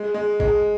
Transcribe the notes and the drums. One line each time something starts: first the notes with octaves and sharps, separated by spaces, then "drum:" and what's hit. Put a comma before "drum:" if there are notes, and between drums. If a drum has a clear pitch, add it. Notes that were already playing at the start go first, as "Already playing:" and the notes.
Already playing: G#3
G#3
G#3, drum: kick G#1